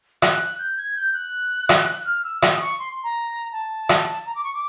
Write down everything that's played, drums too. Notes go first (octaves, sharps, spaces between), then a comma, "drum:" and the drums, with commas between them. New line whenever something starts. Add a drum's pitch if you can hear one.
F#6, drum: rim click
G6
G#6
G6
F#6
drum: rim click
F6
E6
D#6, drum: rim click
C#6
C6
A#5
A5
drum: rim click
A#5
D6
C#6
D6